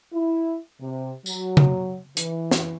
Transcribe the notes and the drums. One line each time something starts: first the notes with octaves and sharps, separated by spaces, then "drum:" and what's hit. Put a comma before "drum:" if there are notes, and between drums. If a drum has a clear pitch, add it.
E4
C3
F#3, drum: tambourine
drum: tom C#3
E3, drum: hi-hat
drum: snare